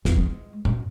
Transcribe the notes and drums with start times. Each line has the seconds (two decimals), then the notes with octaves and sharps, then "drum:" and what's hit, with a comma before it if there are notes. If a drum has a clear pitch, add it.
0.05 E2, drum: snare
0.17 G#3
0.65 F#2, drum: tom A#2